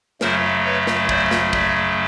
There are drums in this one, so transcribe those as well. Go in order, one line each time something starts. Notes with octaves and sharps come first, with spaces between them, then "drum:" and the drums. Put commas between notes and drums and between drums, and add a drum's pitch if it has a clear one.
F#2 C#3 F#3 A3 A#4 C5, drum: snare
B4 C#5
drum: snare
C5 D5, drum: kick
drum: snare
D5 E5, drum: kick